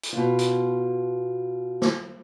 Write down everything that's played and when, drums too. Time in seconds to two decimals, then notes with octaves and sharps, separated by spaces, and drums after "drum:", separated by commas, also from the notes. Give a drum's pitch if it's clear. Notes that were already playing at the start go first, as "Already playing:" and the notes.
0.03 drum: hi-hat
0.13 B2 F4
0.39 drum: hi-hat
1.82 drum: snare